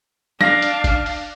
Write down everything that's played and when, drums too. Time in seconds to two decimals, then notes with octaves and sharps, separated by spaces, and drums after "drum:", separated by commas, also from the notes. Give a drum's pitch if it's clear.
0.41 D4 F5 A#6, drum: snare
0.62 drum: hi-hat
0.84 drum: kick F#1, hi-hat
1.06 drum: open hi-hat